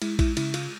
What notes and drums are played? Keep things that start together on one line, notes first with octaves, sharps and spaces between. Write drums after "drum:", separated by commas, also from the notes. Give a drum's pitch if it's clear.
G#3 E4, drum: cymbal
E4, drum: kick A#1, cymbal
C#3 E4, drum: cymbal
F4, drum: cymbal